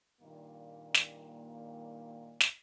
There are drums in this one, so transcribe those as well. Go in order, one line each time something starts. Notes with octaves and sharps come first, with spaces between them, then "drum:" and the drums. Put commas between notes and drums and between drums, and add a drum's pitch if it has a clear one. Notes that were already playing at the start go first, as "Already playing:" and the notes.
G2 A#2 D#3 A#3
drum: snare
drum: snare